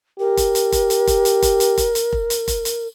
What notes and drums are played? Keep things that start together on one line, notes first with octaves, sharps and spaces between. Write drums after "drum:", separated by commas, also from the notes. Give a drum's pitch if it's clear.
G4 A#4
drum: kick F1, hi-hat
drum: hi-hat
drum: kick F1, hi-hat
drum: hi-hat
drum: kick F1, hi-hat
drum: hi-hat
drum: kick F1, hi-hat
drum: hi-hat
drum: kick F1, hi-hat
drum: hi-hat
drum: kick F1
drum: hi-hat
drum: kick F1, hi-hat
drum: hi-hat